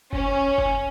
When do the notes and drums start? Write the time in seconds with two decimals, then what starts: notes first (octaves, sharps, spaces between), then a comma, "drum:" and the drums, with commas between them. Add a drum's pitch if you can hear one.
0.13 C#4, drum: kick F#1
0.58 drum: kick F#1